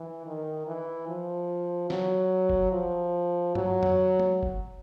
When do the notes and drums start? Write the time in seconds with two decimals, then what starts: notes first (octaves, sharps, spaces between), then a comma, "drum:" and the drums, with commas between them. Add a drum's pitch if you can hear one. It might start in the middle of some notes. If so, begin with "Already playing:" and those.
Already playing: E3
0.26 D#3
0.67 E3
1.08 F3
1.90 F#3, drum: snare
2.50 drum: kick F#1
2.72 F3
3.55 F#3, drum: tom G2
3.83 drum: tom F2
4.20 drum: tom
4.43 drum: kick F#1